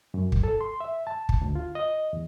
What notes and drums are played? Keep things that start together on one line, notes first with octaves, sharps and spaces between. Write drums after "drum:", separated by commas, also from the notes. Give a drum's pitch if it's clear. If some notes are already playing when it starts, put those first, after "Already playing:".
F#2
drum: kick
A4
C6
E5
A5
drum: kick
D2
F4
D#5
E2